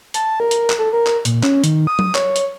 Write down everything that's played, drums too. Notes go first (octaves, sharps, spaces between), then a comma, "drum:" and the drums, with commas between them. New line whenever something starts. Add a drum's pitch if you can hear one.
A5, drum: hi-hat
A#4
drum: hi-hat
drum: clap
A4
A#4
drum: clap
A#2, drum: hi-hat
C#4, drum: clap
D#3, drum: hi-hat
D#6
drum: tom F#3
C#5, drum: clap
drum: hi-hat